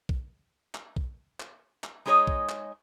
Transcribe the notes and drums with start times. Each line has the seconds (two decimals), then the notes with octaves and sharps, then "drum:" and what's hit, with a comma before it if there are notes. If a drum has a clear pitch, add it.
0.09 drum: kick B1
0.75 drum: clap
0.96 drum: kick B1
1.40 drum: clap
1.84 drum: clap
2.06 G#3 D#4 G#4 B4 C#5 D#5
2.27 drum: kick B1
2.49 drum: clap